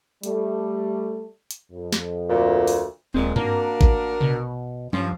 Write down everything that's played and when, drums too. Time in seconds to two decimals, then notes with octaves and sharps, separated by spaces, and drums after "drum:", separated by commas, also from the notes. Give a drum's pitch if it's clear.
0.23 G3 A3, drum: hi-hat
1.51 drum: hi-hat
1.72 F2
1.92 drum: snare
2.30 D2 A#2
2.68 drum: open hi-hat
3.14 D#1 A#2 G#3 C4
3.36 A#3 D4 F#4 A#4, drum: tom G2
3.81 A1, drum: kick G#1
4.21 B2, drum: tom C3
4.93 G2 F3 C#4, drum: tom F3